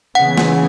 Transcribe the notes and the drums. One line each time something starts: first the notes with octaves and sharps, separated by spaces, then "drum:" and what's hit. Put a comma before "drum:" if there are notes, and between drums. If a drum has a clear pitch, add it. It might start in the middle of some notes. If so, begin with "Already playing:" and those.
C#3 E3 B3 F#5
drum: snare